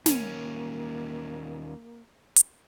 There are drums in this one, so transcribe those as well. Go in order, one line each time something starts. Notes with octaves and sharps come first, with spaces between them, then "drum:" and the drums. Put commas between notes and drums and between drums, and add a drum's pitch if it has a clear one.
D#2 A#3 C#4, drum: snare
drum: hi-hat